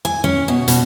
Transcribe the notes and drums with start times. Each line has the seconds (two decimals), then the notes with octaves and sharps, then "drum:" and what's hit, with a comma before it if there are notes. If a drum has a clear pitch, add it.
0.05 G#5
0.24 C#4
0.48 B2
0.68 B2, drum: hi-hat